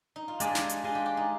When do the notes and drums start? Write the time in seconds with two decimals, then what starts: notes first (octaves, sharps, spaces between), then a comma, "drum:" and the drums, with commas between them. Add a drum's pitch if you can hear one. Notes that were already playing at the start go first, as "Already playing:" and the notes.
0.16 D#4
0.28 F4
0.40 G#3 D4 G4 G#4, drum: hi-hat
0.55 drum: snare
0.69 drum: hi-hat
0.84 G#3 D4 F4 G#4
0.95 G4
1.06 G4
1.17 D#4